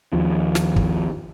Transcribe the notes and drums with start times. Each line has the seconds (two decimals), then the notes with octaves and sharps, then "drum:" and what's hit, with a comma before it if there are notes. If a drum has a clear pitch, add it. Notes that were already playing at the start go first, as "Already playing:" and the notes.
0.13 D#2 F3
0.55 drum: snare
0.76 drum: kick